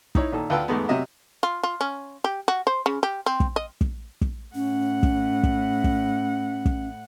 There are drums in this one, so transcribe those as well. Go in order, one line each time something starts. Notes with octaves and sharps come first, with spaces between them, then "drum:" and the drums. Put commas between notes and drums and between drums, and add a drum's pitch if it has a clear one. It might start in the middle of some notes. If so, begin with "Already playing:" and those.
D#4 E4 C#5, drum: kick
A#2 D#3 A4
D2 F4 B4 G5 A5 E6
E2 G#2 G#3 A3 B3
C3 F#3 D#5 E5
F4
F4
C#4
G4
F#4
C5
C#3
G4
C4
drum: kick
D#5
drum: kick
drum: kick
A2 C#4 F#5
drum: kick
drum: kick
drum: kick
drum: kick